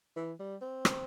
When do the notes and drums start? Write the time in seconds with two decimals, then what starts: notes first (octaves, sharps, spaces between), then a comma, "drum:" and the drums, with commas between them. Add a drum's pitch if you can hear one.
0.16 E3
0.39 G3
0.61 C4
0.85 drum: rim click